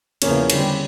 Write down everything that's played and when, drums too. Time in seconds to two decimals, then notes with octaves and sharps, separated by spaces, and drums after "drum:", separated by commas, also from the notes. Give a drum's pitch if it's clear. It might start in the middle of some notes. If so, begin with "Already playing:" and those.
0.22 E2 C#3 F3 A#3 C#4, drum: cymbal
0.50 D3 G3 C4, drum: cymbal